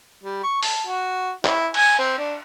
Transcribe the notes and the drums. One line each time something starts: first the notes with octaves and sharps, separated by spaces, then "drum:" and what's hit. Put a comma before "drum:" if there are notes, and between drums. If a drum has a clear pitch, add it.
G3
C#6
A5, drum: open hi-hat
F#4
E4, drum: clap
G#5, drum: cymbal
C4
D4